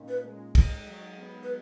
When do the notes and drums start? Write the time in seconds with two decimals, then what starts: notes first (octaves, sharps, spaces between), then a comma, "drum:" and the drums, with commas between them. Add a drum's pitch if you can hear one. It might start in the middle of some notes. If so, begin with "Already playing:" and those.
Already playing: A#2 C#4 D#4
0.08 B4
0.24 G#3
0.55 D#4, drum: kick, cymbal
0.87 F#3
1.18 B3
1.43 B4